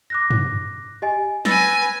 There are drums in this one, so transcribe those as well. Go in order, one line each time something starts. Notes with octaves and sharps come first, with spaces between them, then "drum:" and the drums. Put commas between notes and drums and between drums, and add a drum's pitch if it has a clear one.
D6 F#6 A#6
drum: tom
G4 D#5 G#5
B4 G#5 E6 A6 A#6, drum: snare